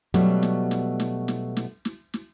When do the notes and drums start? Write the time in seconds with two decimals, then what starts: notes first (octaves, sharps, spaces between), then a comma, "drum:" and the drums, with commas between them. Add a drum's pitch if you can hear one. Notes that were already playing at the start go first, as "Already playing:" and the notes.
0.14 B2 F#3 G3 A3 B3, drum: snare
0.43 drum: snare
0.71 drum: snare
1.00 drum: snare
1.28 drum: snare
1.57 drum: snare
1.85 drum: snare
2.14 drum: snare